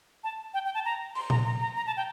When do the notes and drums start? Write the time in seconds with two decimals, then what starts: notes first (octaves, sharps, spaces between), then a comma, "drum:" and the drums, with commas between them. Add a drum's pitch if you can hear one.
0.24 A5
0.54 G5
0.65 G5
0.74 A5
0.85 A#5
1.15 C6, drum: open hi-hat
1.30 A#5, drum: tom A#2
1.45 A#5
1.61 A#5
1.76 A#5
1.87 A5
1.97 G5